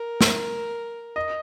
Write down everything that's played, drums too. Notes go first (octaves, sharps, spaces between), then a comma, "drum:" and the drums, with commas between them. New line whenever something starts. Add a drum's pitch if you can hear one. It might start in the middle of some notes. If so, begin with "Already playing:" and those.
Already playing: A#4
drum: snare
D#5